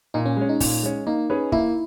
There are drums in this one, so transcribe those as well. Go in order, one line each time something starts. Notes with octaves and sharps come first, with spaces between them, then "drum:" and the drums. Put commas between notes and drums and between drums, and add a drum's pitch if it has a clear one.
A#2 D#4
C#4
G#3 C#4
D#4
A#2, drum: kick, open hi-hat
G#3 C#4
A#3 D#4
C#4 G#4 B4
A#3 E4, drum: kick